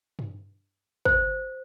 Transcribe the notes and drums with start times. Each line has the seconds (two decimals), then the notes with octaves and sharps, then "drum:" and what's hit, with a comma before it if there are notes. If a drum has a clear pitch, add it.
0.19 drum: tom G2
1.05 C5, drum: kick